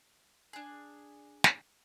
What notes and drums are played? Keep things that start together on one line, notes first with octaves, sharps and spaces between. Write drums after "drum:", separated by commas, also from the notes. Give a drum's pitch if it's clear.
D4 G#4
drum: snare